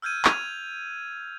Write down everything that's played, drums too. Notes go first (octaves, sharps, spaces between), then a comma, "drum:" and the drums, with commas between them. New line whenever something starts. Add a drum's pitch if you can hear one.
E6 F6 G6 G#6 D#7
G#6 D#7 F7, drum: clap